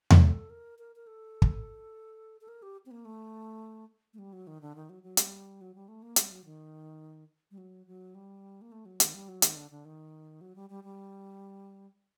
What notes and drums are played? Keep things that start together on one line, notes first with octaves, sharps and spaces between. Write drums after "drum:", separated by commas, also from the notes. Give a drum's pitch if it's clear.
drum: tom E2
A4
A#4
A#4
A#4
A4
drum: kick
A4
A#4
G4
C4
A#3
A3
A3
G3
F#3
D#3
D3
D#3
F#3
F#3
G3, drum: hi-hat
F#3
G3
A3
A#3
G3, drum: hi-hat
F#3
D#3
G3
F#3
F#3
G3
A#3
A3
F#3
D#3, drum: hi-hat
G3
F#3
D#3, drum: hi-hat
D3
D3
D#3
F#3
G3
G3
G3